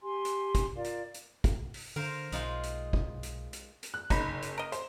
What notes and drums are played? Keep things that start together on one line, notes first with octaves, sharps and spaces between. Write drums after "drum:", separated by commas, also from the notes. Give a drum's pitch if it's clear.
G4 G#5 C6
drum: hi-hat
drum: kick, hi-hat
F4 A#4 D5 F5
drum: hi-hat
drum: hi-hat
drum: kick, hi-hat
drum: open hi-hat
D3 A#4 C5 F5
B1 G#3 D#4 F4, drum: hi-hat
drum: hi-hat
drum: kick
drum: hi-hat
drum: hi-hat
drum: hi-hat
F#6
F#1 D#4 B5, drum: kick, hi-hat
drum: hi-hat
A#4 D#5
C5, drum: hi-hat